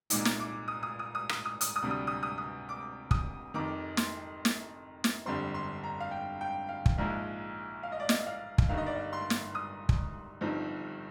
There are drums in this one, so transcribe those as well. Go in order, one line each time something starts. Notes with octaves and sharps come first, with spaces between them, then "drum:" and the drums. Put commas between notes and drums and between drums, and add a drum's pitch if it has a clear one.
C2 A#2 G#3 D#4 D6, drum: hi-hat
drum: snare
D6
D#6
D#6
D#6
D#6
D#6, drum: rim click
D#6
D#6, drum: hi-hat
D#6
D2 C3 G3 D4
D#6
D#6
D#6
D#6
D6
D#6, drum: kick
F1 F2 D#3 D6
C6, drum: snare
drum: snare
drum: snare
G1 F2 D3 G3 C4 C6
C6
A#5
F5
G5
G5
F5
drum: kick
A#1 G#2 F3 G#3
F5
D#5
D5
D#5, drum: snare
F5
drum: kick
G1 G2 D#3 F5
D#5
D5
D#5
C6
drum: snare
D#6
drum: kick
G1 G2 F3 C4 D#4